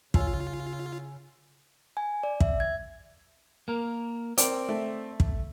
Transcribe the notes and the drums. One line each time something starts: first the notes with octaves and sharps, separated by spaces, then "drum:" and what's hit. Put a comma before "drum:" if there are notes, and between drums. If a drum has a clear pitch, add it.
C#3 F4 C#5 G#5 E6, drum: kick
G#5
D5
E5, drum: kick
G#6
A#3 A#4
C4 A#4 D5, drum: hi-hat
A3
drum: kick